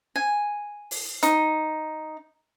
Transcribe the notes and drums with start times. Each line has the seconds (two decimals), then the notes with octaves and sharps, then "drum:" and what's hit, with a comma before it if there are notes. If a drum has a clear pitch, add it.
0.16 G#5
0.91 drum: open hi-hat
1.23 D#4, drum: hi-hat